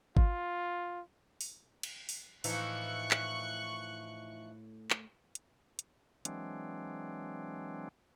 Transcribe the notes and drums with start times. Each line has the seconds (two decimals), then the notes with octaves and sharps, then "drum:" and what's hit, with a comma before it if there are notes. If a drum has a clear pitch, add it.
0.17 F4, drum: kick G#1
1.41 drum: open hi-hat
1.83 drum: cymbal
2.09 drum: open hi-hat
2.44 A2 E3 F3 D#4 C#6 F#6 C#7, drum: open hi-hat
3.11 drum: clap
4.91 drum: clap
5.35 drum: hi-hat
5.79 drum: hi-hat
6.25 E3 F#3 G#3 C4 D4, drum: hi-hat